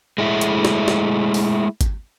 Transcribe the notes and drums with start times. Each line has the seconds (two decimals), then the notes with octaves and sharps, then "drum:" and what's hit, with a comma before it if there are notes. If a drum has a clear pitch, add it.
0.18 G#3 A3 E4
0.41 drum: hi-hat
0.65 drum: snare
0.88 drum: snare
1.34 drum: open hi-hat
1.81 drum: kick G#1, hi-hat